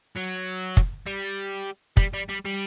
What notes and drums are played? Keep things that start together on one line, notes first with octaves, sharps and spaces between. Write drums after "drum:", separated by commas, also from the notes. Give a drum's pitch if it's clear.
F#3
drum: kick
G3
G3, drum: kick
G3
G3
G3